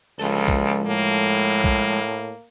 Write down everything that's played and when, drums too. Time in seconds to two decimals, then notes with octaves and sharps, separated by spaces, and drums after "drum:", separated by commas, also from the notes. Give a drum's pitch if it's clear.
0.19 C#2 F3 G#3 A4
0.48 drum: kick
0.87 A2 A#3
1.64 drum: kick